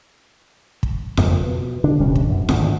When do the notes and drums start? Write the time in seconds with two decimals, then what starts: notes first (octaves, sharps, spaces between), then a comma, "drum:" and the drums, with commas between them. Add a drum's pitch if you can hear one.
0.83 drum: kick
1.17 F#1 F2 A#3, drum: snare F4
1.39 B2
1.84 D3 D4
2.00 D#1 C3 G3 C#4
2.15 drum: kick
2.29 F#2 B2
2.49 G#1 D2 A2, drum: snare F4